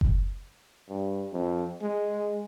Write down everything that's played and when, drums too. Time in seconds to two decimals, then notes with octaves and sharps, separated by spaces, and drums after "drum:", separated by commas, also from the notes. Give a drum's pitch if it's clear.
0.01 drum: kick F#1
0.89 G2
1.33 F2
1.82 G#3